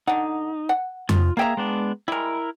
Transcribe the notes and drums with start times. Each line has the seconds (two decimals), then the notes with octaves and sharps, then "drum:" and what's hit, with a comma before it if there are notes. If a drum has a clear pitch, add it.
0.07 D3 D#4 F#5
0.69 F#5
1.09 F4, drum: tom F2
1.37 A#3 G#4 E5 F5 G5 A#5
1.57 G#3 B3 D4
2.08 G3 G#3 E4 A#4